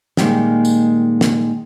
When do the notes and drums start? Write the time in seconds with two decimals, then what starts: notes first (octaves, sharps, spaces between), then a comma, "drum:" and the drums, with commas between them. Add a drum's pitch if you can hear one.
0.17 A#2 D#3 G3 G#3 A#3, drum: snare
0.65 drum: tambourine
1.21 drum: snare